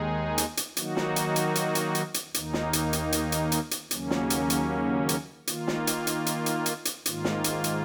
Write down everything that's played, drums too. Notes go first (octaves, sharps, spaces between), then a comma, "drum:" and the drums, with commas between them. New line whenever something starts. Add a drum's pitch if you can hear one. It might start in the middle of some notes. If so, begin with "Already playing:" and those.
Already playing: D#2 D#3 G#3 D#4 G#4
drum: hi-hat
drum: hi-hat
D#3 F#3 A#3 D#4 F#4, drum: hi-hat
drum: snare
drum: hi-hat
drum: hi-hat
drum: hi-hat
drum: hi-hat
drum: hi-hat
drum: hi-hat
D#2 D#3 A#3 D#4, drum: hi-hat
drum: snare
drum: hi-hat
drum: hi-hat
drum: hi-hat
drum: hi-hat
drum: hi-hat
drum: hi-hat
D#2 C#3 F#3 A#3 C#4, drum: hi-hat
drum: snare
drum: hi-hat
drum: hi-hat
drum: hi-hat
D#3 A#3 F4, drum: hi-hat
drum: snare
drum: hi-hat
drum: hi-hat
drum: hi-hat
drum: hi-hat
drum: hi-hat
drum: hi-hat
G#2 D#3 A#3 F4, drum: hi-hat
drum: snare
drum: hi-hat
drum: hi-hat